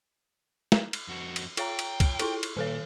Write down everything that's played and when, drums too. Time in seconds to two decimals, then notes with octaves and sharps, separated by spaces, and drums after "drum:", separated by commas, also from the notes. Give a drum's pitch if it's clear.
0.72 drum: snare
0.93 drum: cymbal
1.08 F2 F#4
1.36 drum: cymbal
1.57 F4 C#5 G5 A#5, drum: cymbal
1.79 drum: cymbal
2.00 drum: kick, cymbal
2.19 E4 F4 A4, drum: cymbal
2.43 drum: cymbal
2.57 A#2 D#3 A4 C#5